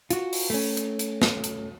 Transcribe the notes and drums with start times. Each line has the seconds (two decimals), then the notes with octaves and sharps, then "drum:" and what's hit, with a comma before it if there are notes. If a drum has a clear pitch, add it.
0.11 F4 F#4, drum: hi-hat
0.33 drum: open hi-hat
0.50 A3 C#4
0.77 drum: hi-hat
0.99 drum: hi-hat
1.22 drum: snare
1.44 drum: hi-hat